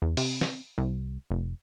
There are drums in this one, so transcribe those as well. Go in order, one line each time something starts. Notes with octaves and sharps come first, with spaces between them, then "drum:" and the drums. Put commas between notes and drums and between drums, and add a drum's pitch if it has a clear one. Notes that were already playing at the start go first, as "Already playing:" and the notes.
E2
C3, drum: open hi-hat
drum: snare
C2
F1